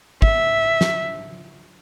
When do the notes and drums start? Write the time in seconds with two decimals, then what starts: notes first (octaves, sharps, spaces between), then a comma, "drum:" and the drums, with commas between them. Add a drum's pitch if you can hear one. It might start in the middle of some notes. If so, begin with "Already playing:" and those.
0.22 E5, drum: kick
0.81 drum: snare